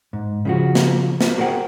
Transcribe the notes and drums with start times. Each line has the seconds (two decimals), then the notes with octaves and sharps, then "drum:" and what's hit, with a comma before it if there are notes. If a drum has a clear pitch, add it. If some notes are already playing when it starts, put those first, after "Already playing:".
0.13 G#2
0.45 C#3 F3 F#4
0.75 drum: snare
1.21 drum: snare
1.37 F#4 G#4 A#4 C5 F#5 G5